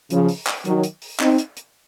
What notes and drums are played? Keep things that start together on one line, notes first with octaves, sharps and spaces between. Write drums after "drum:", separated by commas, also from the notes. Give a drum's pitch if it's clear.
C#3 F3, drum: hi-hat
drum: open hi-hat
drum: clap
D#3 F#3, drum: hi-hat
drum: hi-hat
drum: open hi-hat
C4 D#4, drum: clap
drum: hi-hat
drum: hi-hat